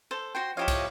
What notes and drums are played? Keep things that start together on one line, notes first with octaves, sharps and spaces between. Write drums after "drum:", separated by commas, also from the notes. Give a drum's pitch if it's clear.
A4 C5
F#4 C5 G5 C6
F3 E4 G4 C#5 D#5 F5
drum: kick, cymbal